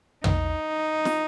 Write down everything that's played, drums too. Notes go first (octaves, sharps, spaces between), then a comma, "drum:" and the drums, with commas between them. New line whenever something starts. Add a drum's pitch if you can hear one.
D#4, drum: tom
drum: snare